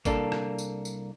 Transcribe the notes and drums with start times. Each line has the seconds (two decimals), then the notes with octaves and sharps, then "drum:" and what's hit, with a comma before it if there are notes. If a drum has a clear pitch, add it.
0.05 C2 A#3 D4 A4, drum: kick G#1, tambourine
0.32 drum: rim click
0.59 drum: tambourine
0.85 drum: tambourine